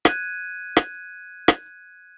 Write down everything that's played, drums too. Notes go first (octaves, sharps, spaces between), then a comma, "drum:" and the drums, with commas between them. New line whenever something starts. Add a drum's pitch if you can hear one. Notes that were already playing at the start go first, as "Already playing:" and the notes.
F#6 G#6 D#7, drum: rim click
drum: rim click
drum: rim click